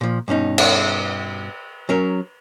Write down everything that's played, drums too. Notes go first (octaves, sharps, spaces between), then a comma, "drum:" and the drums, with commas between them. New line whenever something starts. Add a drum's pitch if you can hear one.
A#2 F3
G2 B2 C#4 D#4
drum: cymbal
F#3 C#4 A#4